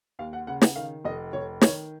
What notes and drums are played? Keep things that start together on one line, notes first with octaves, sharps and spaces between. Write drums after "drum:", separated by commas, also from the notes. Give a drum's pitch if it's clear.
D#2 F5
F#5
C#3 F#5
F#5, drum: snare
D#3 F5
F1 D#5
F1 C#5
D#3 C#5, drum: snare